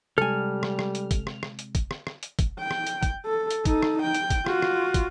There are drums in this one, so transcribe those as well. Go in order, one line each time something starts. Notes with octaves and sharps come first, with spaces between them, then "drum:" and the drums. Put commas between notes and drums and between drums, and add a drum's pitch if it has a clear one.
C3 G3 G#3 A4 G#5 F6
drum: rim click
drum: rim click
drum: hi-hat
drum: kick, hi-hat
drum: rim click
drum: rim click
drum: hi-hat
drum: kick, hi-hat
drum: rim click
drum: rim click
drum: hi-hat
drum: kick, hi-hat
G5
drum: rim click
drum: hi-hat
drum: kick, hi-hat
A4
drum: hi-hat
D#4 A4, drum: kick, hi-hat
drum: rim click
G5
drum: hi-hat
drum: kick, hi-hat
F4 F#4, drum: rim click
drum: rim click
drum: kick, hi-hat